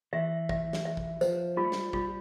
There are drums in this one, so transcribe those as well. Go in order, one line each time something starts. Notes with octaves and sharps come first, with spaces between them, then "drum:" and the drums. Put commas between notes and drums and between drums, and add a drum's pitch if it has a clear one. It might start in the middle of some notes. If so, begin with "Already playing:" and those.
E3 E5
E5, drum: kick
drum: snare
E5
drum: kick
F3 C5, drum: tambourine
G3 F4
A3
G3, drum: snare
G3 F4, drum: kick